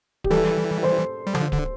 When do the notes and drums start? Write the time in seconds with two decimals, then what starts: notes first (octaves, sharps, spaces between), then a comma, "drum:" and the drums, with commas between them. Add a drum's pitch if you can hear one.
0.24 G4, drum: kick D1
0.30 E3 G3 A4
0.83 C5
1.27 G3
1.35 D3 F3, drum: tom D3
1.52 D3, drum: kick D1